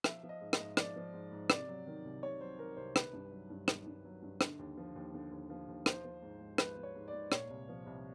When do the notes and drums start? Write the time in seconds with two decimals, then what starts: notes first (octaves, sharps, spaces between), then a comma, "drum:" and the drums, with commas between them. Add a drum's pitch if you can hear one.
0.04 F3 E5, drum: rim click
0.23 F3
0.29 D#5
0.41 G#2
0.53 D#5, drum: rim click
0.59 G#2
0.77 F3 D5, drum: rim click
0.96 F3
1.13 G#2
1.32 G#2
1.50 C3 D5, drum: rim click
1.68 F#3
1.87 D#3
2.05 C2
2.22 C3 C#5
2.41 F#3 C5
2.59 D#3 A#4
2.77 C2 C5
2.96 D#3 B4, drum: rim click
3.13 G2
3.32 F#3
3.50 G2
3.68 D#3, drum: rim click
3.87 G2
4.05 F#3
4.23 G2
4.41 D3, drum: rim click
4.59 D#2
4.77 F3
4.96 D#2
5.14 D3
5.32 D#2
5.50 F3
5.68 D#2
5.86 F3 C5, drum: rim click
6.04 F3
6.22 G#2
6.41 G#2
6.58 F3 B4, drum: rim click
6.77 F3
6.83 C#5
6.95 G#2
7.08 D5
7.13 G#2
7.32 A#2 C#5, drum: rim click
7.50 C2
7.68 F3
7.86 C2